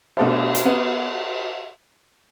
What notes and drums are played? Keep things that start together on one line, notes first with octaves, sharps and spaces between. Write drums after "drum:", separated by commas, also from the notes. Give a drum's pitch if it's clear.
B2 A3 D4 A4 C5, drum: cymbal
drum: hi-hat
B3 F#4 B4